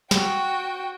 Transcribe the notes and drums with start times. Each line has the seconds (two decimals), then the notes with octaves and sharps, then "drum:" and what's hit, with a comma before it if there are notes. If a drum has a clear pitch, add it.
0.11 F#4 G5, drum: snare